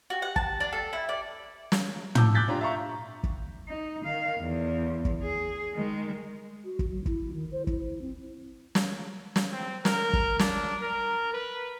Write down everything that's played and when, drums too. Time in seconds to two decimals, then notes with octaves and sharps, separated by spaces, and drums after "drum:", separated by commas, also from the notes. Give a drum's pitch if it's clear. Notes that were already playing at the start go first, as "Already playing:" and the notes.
0.10 F#4
0.22 F#5
0.36 A5, drum: kick
0.60 D4
0.73 A4
0.93 E4
1.09 D5
1.72 drum: snare
2.15 A5 D6 E6 G6, drum: tom
2.35 D6 F#6 G6 A6 B6
2.48 D4 F4 G4 A#5
2.61 E5 F5 A#5 C#6
3.23 drum: kick
3.68 D#4
4.04 D#3 F5
4.39 E2
5.05 drum: kick
5.22 G#4
5.74 D#3 G#3
6.65 F#4
6.79 drum: kick
6.91 F#3
7.06 E4, drum: kick
7.34 D#3
7.52 C5
7.67 E4, drum: kick
8.01 C4
8.75 drum: snare
9.36 drum: snare
9.52 C4
9.85 A#4, drum: snare
10.13 drum: kick
10.39 D4, drum: snare
10.82 A#4
11.33 B4